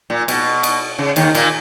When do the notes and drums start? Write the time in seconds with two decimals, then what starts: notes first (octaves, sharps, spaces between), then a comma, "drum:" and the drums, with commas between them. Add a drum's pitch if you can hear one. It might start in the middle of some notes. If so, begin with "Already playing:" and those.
0.10 A#2
0.28 B2, drum: cymbal
0.63 drum: cymbal
0.99 C#3
1.16 D#2 D#3, drum: cymbal
1.35 A#2 A#3, drum: cymbal